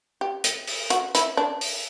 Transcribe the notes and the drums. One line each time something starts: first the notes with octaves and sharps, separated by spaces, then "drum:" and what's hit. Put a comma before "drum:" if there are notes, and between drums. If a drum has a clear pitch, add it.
G4
drum: hi-hat
drum: open hi-hat
F#4, drum: hi-hat
E4, drum: hi-hat
D4
drum: open hi-hat